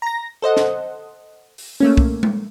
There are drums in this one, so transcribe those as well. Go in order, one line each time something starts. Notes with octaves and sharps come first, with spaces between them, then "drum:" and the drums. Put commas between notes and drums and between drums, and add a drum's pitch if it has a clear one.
A#5 A#6
A4 C5 D#5 F#5
drum: snare
drum: open hi-hat
A3 A#3 C#4
drum: kick
drum: tom G#3